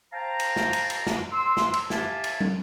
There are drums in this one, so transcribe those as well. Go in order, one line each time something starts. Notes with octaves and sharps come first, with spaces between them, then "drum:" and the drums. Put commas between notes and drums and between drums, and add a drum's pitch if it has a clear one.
C5 F5 G5 A5 A#5
drum: cymbal
drum: snare
drum: cymbal
drum: cymbal
drum: snare
C6 E6
drum: snare
drum: cymbal
G4 E5 F5 G#5 A5, drum: snare
drum: cymbal
drum: tom